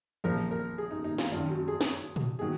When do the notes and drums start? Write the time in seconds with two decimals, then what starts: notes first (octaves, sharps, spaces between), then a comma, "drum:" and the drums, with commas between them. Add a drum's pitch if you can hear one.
0.24 A#1 A#2 F3 A#4
0.51 A#4
0.78 G#4
0.91 D#4
1.04 D#4
1.18 F4, drum: snare
1.32 G#1 F#2 D#3 F4
1.50 F#4
1.68 G#4
1.81 drum: snare
2.16 drum: tom A#2
2.39 D#3 F#3 G#4